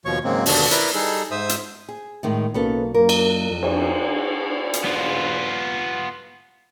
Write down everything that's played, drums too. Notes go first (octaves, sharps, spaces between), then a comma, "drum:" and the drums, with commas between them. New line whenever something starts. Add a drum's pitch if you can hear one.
D#2 B2 F3 C#5 C#6
G#2 C#3 F#3 G#3 A#3 C4
D#2 B2 D3 D4, drum: open hi-hat
E4 A#4 B4 D5, drum: hi-hat
G3 D#4 G#4 A4
G#2 C5 E5 D#6 E6
drum: hi-hat
G#4
A2 D#3 G#3
B1 A#3 B3 C#4 A4
F#2 A#3 A#4
drum: cymbal
F2
drum: cymbal
drum: hi-hat
B3 F4